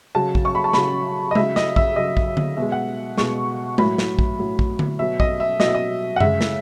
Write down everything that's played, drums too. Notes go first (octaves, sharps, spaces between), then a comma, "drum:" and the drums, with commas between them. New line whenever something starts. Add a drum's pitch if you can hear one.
C#3 F#3 A5
drum: kick A#1
C#6
B5
A5
C#3 F#3 B5, drum: snare
D#5
C#3 F#3 E5, drum: tom G#3
D#5, drum: snare
E5, drum: kick A#1
C#3 F#3 D#5
drum: kick A#1
drum: tom D3
B2 G#3 E5
F#5
B2 G#3 C#6, drum: snare
A2 F#3 B5, drum: tom G#3
drum: snare
drum: kick A#1
A2 F#3
drum: kick A#1
drum: tom D3
B2 F#3 E5
D#5, drum: kick A#1
E5
B2 F#3 D#5, drum: snare
E5
D#5
F#5
C#3 G#3 E5, drum: tom F#2
drum: snare